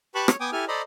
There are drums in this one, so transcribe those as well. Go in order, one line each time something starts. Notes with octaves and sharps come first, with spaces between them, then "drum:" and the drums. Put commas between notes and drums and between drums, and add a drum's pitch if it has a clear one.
G4 B4 A5 B5 C#6 F#6
C#5, drum: rim click
B3 G5 G#5 D6 D#6
E4 G4 A4 G#5 F6
A4 C5 D5 D#5 A#5 B5